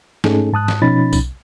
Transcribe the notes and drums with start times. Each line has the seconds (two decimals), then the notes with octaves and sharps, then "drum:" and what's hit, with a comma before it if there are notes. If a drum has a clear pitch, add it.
0.24 G#2 A3 C#4 D#4 G#4 A4, drum: snare
0.52 G#2 A5 D#6 F#6
0.68 drum: snare
0.82 B2 F3 C#4 D#4 B5 A6
1.13 drum: kick B1, tambourine